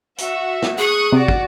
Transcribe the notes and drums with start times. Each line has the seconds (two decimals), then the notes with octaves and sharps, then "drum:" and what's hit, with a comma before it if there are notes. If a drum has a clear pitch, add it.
0.18 F#4 E5, drum: hi-hat
0.62 drum: snare
0.78 G#4 C#6 D#6 F#6
1.12 C3 F#4 D5
1.28 drum: kick